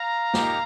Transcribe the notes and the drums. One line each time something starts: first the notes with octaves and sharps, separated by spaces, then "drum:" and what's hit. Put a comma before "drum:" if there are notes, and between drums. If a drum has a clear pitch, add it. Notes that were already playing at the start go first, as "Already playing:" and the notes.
Already playing: F5 A#5
A#3 D#4 G4, drum: snare